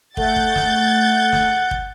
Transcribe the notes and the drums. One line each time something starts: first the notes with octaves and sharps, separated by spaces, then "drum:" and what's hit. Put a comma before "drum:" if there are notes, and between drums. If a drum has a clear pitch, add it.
A3 F#5 G6 A6, drum: kick
drum: kick
drum: snare
drum: snare
drum: kick